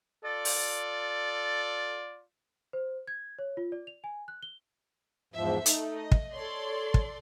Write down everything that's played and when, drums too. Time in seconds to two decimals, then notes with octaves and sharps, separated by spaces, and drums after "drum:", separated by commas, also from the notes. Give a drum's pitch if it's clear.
0.24 F4 A4 D5
0.45 drum: open hi-hat
2.73 C5
3.08 G#6
3.39 C#5
3.57 F4
3.72 D5
3.87 F7
4.04 G#5
4.28 F#6
4.43 G7
5.34 E2 G#2 F3 C5 E5
5.66 A3 D#4, drum: hi-hat
5.95 D#5
6.12 drum: kick
6.34 A4 C#5 D5 C6
6.94 drum: kick